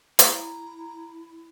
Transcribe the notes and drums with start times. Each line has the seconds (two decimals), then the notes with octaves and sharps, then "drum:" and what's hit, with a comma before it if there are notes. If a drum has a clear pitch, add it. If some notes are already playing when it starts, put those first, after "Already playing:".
0.19 E4 A#5, drum: hi-hat